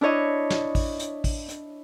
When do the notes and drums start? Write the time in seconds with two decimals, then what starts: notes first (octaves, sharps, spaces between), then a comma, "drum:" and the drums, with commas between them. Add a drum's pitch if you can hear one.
0.01 D4 E4 C#5 D#5
0.50 drum: snare
0.75 drum: kick A1, open hi-hat
1.00 drum: hi-hat
1.24 drum: kick A1, open hi-hat
1.49 drum: hi-hat